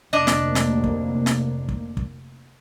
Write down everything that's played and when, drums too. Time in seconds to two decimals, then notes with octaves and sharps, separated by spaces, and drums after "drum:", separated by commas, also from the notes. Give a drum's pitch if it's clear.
0.13 F1 D2 A#3 D4 D#5
0.27 drum: snare
0.55 drum: snare
0.84 drum: kick
1.26 drum: snare
1.69 drum: kick
1.97 drum: kick